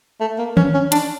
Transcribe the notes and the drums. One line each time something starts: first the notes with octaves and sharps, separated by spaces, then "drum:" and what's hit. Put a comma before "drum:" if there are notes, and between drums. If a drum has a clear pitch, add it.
A3
A#3
C#4, drum: tom D#3
C#4
D4, drum: hi-hat